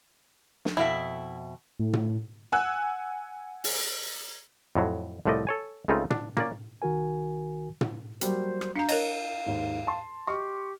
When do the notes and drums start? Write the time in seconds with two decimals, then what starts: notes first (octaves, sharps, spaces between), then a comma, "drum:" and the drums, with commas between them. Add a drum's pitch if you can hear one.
0.65 drum: snare
0.77 F2 B2 E4 E5
1.79 A2
1.93 drum: tom
2.52 F#5 G#5 E6 F#6
3.64 drum: open hi-hat
4.75 F2 A2 F#3
5.25 C2 A2 F3 A3 D5 D#5
5.47 A4 C#5 G#5
5.88 C#2 C#3 A3 C4 D#4 F4
6.11 D4, drum: tom
6.37 A#3 C#4 D5, drum: tom
6.82 C2 D#3 F#4 A#4 G#5
7.81 drum: tom
8.21 F#3 G3 A#3 C5, drum: hi-hat
8.61 drum: rim click
8.76 D4 F5 A#5 G6 C7 C#7
8.89 A#4 C#5 D#5, drum: cymbal
9.46 D#2 G#2
9.87 A5 C6
10.27 G4 D#5 C6 C#6 F6